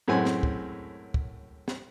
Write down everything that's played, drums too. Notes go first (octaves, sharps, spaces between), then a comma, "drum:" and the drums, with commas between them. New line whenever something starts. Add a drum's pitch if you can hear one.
F#2 A2 G#3 C4 F#5 G#5
drum: snare
drum: kick
drum: kick
drum: snare